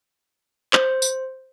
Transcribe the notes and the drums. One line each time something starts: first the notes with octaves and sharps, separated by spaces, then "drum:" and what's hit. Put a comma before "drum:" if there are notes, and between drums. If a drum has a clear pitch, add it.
C5, drum: clap
drum: tambourine